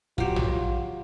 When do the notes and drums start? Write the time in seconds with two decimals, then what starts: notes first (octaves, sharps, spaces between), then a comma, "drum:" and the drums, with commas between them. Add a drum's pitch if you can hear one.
0.18 F#3 F4 G4, drum: kick
0.36 drum: tom